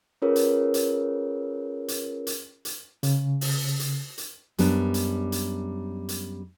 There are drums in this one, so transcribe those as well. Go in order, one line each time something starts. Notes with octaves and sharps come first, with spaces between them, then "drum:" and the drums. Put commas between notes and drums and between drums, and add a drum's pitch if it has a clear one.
C#4 F4 G#4 A#4 B4 C#5
drum: hi-hat
drum: hi-hat
drum: hi-hat
drum: hi-hat
drum: hi-hat
C#3, drum: hi-hat
drum: open hi-hat
drum: hi-hat
drum: hi-hat
F#2 G3 B3 D4, drum: hi-hat
drum: hi-hat
drum: hi-hat
drum: hi-hat